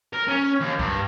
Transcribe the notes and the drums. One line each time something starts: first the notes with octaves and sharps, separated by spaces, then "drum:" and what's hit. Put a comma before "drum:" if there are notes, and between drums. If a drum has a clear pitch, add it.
A#4
C#4
D#2
G2, drum: kick C2